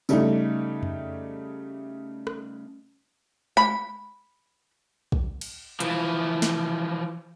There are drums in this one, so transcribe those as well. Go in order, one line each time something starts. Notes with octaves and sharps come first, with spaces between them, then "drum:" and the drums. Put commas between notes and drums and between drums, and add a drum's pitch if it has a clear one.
C#3 G3 A3 D#4, drum: tambourine
drum: tom F2
drum: rim click
B5, drum: tom G#3
drum: kick
drum: cymbal
E3 F3, drum: hi-hat
drum: snare